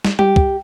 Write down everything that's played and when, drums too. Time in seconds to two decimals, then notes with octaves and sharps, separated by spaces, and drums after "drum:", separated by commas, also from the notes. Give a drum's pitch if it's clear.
0.05 drum: snare
0.19 G4, drum: tom G3
0.36 drum: kick